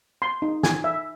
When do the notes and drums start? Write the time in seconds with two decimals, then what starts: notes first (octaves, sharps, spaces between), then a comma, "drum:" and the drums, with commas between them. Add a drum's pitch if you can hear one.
0.22 C6
0.42 D#4
0.63 G#5, drum: snare
0.84 E5